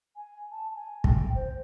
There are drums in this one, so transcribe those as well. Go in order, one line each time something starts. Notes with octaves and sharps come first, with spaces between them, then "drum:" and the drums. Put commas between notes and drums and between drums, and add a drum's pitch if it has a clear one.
G#5
A5
G#5
G5, drum: kick
C5